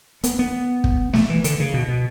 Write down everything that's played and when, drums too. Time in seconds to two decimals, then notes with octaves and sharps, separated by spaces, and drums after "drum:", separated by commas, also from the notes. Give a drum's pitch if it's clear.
0.24 B3, drum: hi-hat
0.39 B3
0.84 drum: kick
1.13 A3, drum: snare
1.30 E3
1.44 D3, drum: hi-hat
1.60 C#3
1.74 B2
1.88 B2